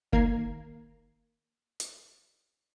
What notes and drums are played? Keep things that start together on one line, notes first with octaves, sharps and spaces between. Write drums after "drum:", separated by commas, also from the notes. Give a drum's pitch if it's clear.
D#3 A#3 A#5 G#6 C7, drum: kick F1
drum: hi-hat